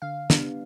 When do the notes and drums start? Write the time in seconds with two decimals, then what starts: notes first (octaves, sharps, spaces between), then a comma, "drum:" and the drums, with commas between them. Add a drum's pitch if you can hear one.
0.02 D3 F5
0.30 G3 B3 D4, drum: snare